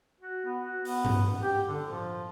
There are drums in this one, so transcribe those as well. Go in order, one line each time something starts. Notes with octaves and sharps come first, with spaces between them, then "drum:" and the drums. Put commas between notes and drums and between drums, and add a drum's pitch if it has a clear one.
F#4
B3
F#4
B3, drum: open hi-hat
drum: tom G2
G4
D3
F3